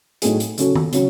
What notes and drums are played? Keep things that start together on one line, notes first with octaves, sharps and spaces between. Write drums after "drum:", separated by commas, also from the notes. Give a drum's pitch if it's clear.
A2 F#3 A3 D#4 G#4, drum: hi-hat
drum: hi-hat
C#3 F#3 C#4 F#4 A4, drum: hi-hat
drum: tom D#3
C#3 F#3 C#4 F#4, drum: hi-hat